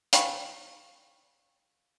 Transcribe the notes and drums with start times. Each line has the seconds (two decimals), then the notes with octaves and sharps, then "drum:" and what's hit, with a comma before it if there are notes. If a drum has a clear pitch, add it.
0.13 F5 G5 G#5 A#5 B5 C#6, drum: hi-hat